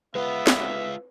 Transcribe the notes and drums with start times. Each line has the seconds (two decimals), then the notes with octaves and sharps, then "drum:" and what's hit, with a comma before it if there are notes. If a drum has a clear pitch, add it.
0.15 G#3 B3 F4 B4 E5
0.47 drum: snare